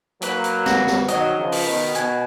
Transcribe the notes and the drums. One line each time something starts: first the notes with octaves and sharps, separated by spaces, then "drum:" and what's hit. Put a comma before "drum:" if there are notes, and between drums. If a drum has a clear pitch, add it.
F#3 A#3 B4, drum: hi-hat
drum: hi-hat
F#4, drum: snare
drum: snare
D#3 F#3 D#5, drum: hi-hat
C#3 F3
B4, drum: open hi-hat
B2 D#3
B2 G#5, drum: hi-hat